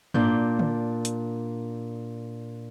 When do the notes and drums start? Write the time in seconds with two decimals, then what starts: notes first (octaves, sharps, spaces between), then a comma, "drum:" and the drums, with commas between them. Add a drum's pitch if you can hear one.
0.14 A#2 D4 G6, drum: tom G#2
0.59 drum: tom D3
1.05 drum: hi-hat